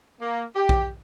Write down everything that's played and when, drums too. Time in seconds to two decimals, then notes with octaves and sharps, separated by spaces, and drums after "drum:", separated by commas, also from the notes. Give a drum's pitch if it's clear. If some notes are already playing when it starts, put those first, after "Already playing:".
0.21 A#3
0.55 G4
0.69 drum: kick A#1